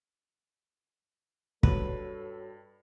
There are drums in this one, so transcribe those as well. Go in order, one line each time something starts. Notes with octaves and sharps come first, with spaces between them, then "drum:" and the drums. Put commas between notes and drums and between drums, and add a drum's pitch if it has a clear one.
G2 G3 F#4 A4 B4 C#5, drum: kick